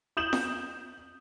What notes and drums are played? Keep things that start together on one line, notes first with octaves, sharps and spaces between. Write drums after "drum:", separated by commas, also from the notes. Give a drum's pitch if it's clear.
D#6 G6 E7 F#7
drum: snare F4